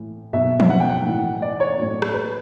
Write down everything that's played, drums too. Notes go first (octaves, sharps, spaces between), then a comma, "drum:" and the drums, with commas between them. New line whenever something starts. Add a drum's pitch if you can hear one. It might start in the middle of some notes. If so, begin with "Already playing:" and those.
Already playing: A2 E3
B2 F#3 E5
drum: tom E3
F#5
G5
F#5
A2 E3
D5
C#5
A2 F#3
drum: rim click
B4